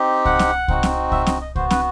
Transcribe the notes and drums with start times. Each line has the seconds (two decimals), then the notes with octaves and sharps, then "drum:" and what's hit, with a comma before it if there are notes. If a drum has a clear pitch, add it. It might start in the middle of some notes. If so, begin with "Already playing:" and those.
Already playing: C4 D#4 G4
0.25 F#5, drum: kick C2
0.39 drum: snare
0.68 C4 D#4 F#4, drum: kick C2
0.83 drum: snare
1.12 E5, drum: kick C2
1.27 D#5, drum: snare
1.41 D#5
1.55 B3 F#4 C5, drum: kick C2
1.70 B4, drum: snare